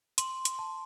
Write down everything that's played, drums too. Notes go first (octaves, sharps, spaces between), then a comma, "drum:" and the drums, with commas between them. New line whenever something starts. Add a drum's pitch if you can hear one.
C6, drum: hi-hat
drum: hi-hat
A5